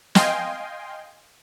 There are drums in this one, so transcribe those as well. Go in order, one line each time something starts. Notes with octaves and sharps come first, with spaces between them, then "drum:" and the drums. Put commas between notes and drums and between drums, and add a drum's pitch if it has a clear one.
D#5 F5 G5 G#5 C6, drum: snare